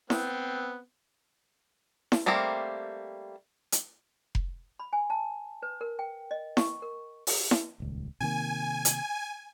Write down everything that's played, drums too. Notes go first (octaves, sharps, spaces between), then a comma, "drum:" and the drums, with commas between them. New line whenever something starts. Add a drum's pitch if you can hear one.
B3 C4, drum: snare E4
drum: snare E4
G3 A3 A#3 C4 A#4
drum: hi-hat
drum: kick F1
B5
G#5
A5
B4
A#4
G5
D#5
C#6, drum: snare E4
A#4
drum: open hi-hat
drum: snare E4
D#1 C#2
C3 D#3 A#3 G#5
drum: hi-hat